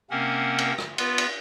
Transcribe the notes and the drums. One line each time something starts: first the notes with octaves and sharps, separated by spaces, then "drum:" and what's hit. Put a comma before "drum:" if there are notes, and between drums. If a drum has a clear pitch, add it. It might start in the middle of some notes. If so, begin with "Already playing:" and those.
C3 A#3 C4 C#4 A#4 F#5
drum: cymbal
drum: rim click
B3 F4 B4, drum: cymbal
drum: cymbal